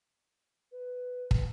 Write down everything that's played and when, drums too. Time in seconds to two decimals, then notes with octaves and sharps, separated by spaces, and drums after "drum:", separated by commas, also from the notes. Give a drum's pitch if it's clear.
0.72 B4
1.31 drum: kick